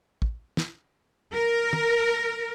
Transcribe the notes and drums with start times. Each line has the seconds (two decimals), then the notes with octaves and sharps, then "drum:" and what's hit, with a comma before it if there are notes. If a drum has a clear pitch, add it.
0.22 drum: kick
0.57 drum: snare
1.34 A#4
1.73 drum: tom